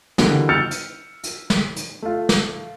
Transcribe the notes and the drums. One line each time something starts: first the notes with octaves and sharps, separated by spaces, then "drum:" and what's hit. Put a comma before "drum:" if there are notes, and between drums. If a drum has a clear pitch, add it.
B2 D3 E3 G3 A#3, drum: snare
E6 F6 G6 A6 C#7 F7
drum: hi-hat
drum: hi-hat
drum: snare
drum: hi-hat
A3 F4
drum: snare